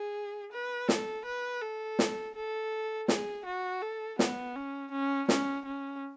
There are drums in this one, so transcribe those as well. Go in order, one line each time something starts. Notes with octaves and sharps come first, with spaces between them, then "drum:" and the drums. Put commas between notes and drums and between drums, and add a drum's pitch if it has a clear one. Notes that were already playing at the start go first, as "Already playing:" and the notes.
Already playing: G#4
B4
A4, drum: snare
B4
A4
drum: snare
A4
G#4, drum: snare
F#4
A4
B3, drum: snare
C#4
C#4
C#4, drum: snare
C#4